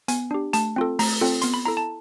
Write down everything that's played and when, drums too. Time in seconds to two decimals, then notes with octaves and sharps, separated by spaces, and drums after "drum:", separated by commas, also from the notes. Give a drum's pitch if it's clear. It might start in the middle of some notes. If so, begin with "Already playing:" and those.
0.08 B3 G#5, drum: hi-hat
0.31 D4 G4
0.53 A3 A5, drum: hi-hat
0.76 C4 F4 A4
0.99 A3 A#5, drum: open hi-hat
1.21 C4 F4 A4
1.42 B3 C6, drum: hi-hat
1.54 B5
1.65 E4 A4 A#5
1.77 A5